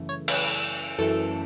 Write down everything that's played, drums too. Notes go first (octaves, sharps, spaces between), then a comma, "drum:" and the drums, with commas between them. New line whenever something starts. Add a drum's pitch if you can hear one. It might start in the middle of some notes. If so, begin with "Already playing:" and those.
Already playing: F#2 C#3 E3 A3
C#5
B4, drum: cymbal
F#2 E3 A3 A4